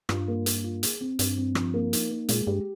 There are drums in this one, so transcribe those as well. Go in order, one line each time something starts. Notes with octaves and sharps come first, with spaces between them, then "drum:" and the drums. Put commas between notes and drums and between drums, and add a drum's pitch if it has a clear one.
G2 F4, drum: rim click
A#3
A#3, drum: hi-hat
F4
G#4, drum: hi-hat
C4
G2 C4, drum: hi-hat
C4
F3, drum: rim click
A#3
D#4, drum: hi-hat
A#3
A#2 G#3, drum: hi-hat
G2 G4